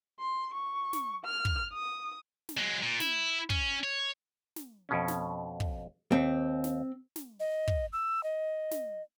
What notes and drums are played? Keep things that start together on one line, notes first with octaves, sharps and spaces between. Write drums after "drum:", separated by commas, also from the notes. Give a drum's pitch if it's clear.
C6
C#6
drum: snare
F6
drum: kick
D#6
drum: snare
F#3 G#3
A#2
E4, drum: snare
C#4, drum: kick
C#5
drum: snare
F2 B2 C#4
drum: snare
drum: kick
D#2 C4
drum: snare
drum: snare
D#5
drum: kick
E6
D#5
drum: snare